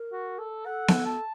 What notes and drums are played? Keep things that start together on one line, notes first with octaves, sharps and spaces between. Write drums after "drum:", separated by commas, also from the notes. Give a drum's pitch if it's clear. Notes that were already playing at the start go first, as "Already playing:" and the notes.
Already playing: A#4
F#4
A4
A4 F#5
drum: snare B3
A5